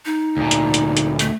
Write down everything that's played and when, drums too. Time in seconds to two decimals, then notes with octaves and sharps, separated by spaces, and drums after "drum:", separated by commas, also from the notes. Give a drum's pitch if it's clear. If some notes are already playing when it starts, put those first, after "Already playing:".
0.05 D#4
0.37 D2 A#2
0.51 drum: hi-hat
0.74 drum: hi-hat
0.97 drum: hi-hat
1.19 A3, drum: hi-hat